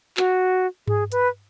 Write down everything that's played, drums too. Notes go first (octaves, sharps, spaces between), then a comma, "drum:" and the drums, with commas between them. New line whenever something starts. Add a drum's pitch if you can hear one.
F#4, drum: clap
G#4, drum: tom G#2
B4, drum: hi-hat